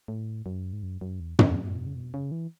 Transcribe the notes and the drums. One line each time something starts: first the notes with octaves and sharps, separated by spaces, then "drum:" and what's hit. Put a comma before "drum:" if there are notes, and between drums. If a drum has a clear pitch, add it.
A2
F#2
G#2
F#2
F#2
E2
E2, drum: tom
F#2
A2
B2
C#3
B2
C#3
E3